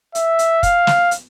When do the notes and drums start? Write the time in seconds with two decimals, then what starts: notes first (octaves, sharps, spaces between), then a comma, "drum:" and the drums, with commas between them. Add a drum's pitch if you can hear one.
0.15 E5, drum: hi-hat
0.39 drum: hi-hat
0.63 F5, drum: kick, hi-hat
0.87 drum: snare
1.11 drum: hi-hat